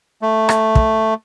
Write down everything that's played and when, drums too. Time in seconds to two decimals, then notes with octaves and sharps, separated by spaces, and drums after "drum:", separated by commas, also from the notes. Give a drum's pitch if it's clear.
0.22 A3
0.49 drum: rim click
0.75 drum: kick